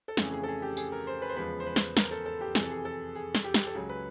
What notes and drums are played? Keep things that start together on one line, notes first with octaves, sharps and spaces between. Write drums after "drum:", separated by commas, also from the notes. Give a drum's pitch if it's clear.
A4
F2 C#3 E3 A3 C#4 G#4, drum: snare
G#4
A4
G#4
G4
G#4, drum: tambourine
A#4
C5
B4
C5
E2 C#3 F3 G#3 B4
C5
B4
drum: snare
A#4, drum: snare
A4
A4
G4
F2 C3 E3 G#4, drum: snare
A4
G#4
A4
G#4
drum: snare
G4
drum: snare
A4
C#2 C#3 F#3 G#4
B4